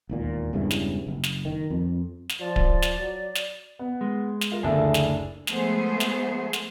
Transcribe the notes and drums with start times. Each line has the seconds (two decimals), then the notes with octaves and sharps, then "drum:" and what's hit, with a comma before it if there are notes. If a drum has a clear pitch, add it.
0.09 E1 D#2 A#2
0.53 E1 G2 C#3 E3
0.71 drum: snare
1.07 F#1
1.24 drum: snare
1.45 D#3
1.70 F2
2.29 drum: snare
2.40 F3 D5
2.56 drum: kick D1
2.82 drum: snare
2.99 F#3
3.35 drum: snare
3.79 B3
4.01 G#3
4.41 drum: snare
4.52 F4 A#4
4.63 F#1 D2 D4 G#4 A4
4.94 drum: snare
5.47 F3 G#3 A3 B3 G#4 C5, drum: snare
6.00 drum: snare
6.53 drum: snare